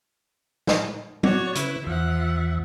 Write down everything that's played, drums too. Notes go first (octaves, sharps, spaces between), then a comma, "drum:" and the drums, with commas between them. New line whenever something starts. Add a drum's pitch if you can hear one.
drum: snare
F#4 C#5 D5, drum: tom F#3
C#3 E4 B4, drum: hi-hat
E2 F3 E5 F#5